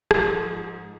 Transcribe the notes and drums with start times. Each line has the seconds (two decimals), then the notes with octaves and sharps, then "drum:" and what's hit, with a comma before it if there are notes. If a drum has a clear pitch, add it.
0.11 G#2 F3, drum: rim click